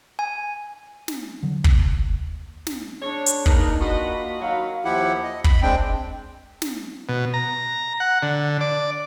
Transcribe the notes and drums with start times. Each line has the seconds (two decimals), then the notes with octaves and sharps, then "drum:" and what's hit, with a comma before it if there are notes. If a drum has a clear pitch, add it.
0.19 G#5
1.08 drum: snare
1.43 D3 F3 F#3
1.64 D#2 C3 A#3, drum: kick
2.67 drum: snare
3.02 C#3 D4 C#5
3.26 drum: hi-hat
3.46 A#3 D#4 G#4 A#4 B4, drum: kick
3.80 D4 F4 F#4 D#5 B5
4.41 D#3 F#3 F5
4.85 D#2 F3 E4 G4 F#5
5.23 D#5
5.44 B5, drum: kick
5.62 G#3 C4 D4 G5
6.62 drum: snare
7.09 B2
7.34 A#5
8.00 F#5
8.23 D3
8.61 D5